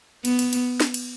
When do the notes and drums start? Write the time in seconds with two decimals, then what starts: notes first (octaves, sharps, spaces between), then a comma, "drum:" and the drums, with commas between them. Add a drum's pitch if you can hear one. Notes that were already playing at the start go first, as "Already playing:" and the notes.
0.25 B3, drum: cymbal
0.39 drum: cymbal
0.53 drum: cymbal
0.80 drum: snare
0.94 drum: cymbal